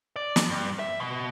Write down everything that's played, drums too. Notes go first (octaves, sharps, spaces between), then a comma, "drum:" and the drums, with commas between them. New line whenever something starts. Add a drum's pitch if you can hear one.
D5
drum: snare
G2
E5
B2